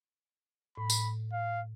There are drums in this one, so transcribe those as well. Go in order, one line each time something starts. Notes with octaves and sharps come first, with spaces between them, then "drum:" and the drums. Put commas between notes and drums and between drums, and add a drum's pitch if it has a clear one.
A2 B5
drum: tambourine
F5